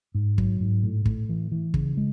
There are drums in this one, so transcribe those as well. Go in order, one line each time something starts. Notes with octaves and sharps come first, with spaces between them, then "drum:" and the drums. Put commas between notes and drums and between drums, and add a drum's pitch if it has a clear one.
G#2
F#3, drum: kick
G#2
A2
A2, drum: kick
E3
E3
C#3, drum: kick
G#3